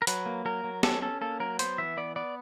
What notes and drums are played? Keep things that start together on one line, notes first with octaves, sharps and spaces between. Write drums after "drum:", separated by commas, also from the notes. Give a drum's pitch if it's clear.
A#4
F#3 B4, drum: hi-hat
A#3
F#3 A#4
F#3
C#4 A4, drum: snare
C#4 A4
A#3 A4
F#3 A#4
B3 C5, drum: hi-hat
E3 E5
B3 D5
B3 D5